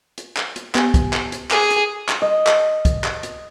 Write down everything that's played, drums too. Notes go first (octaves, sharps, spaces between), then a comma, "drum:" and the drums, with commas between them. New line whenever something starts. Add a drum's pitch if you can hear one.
drum: hi-hat
drum: clap
drum: hi-hat
B3 G4 G#5, drum: clap
drum: kick, hi-hat
drum: clap
drum: hi-hat
G#4 D6, drum: clap
drum: hi-hat
drum: clap
D#5
drum: clap
drum: kick, hi-hat
drum: clap
drum: hi-hat